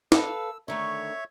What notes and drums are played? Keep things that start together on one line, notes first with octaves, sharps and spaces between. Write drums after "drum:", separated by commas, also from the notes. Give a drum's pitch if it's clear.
A4 B4 F5 E6, drum: snare
D3 D#3 A3 C#5 E5 C#6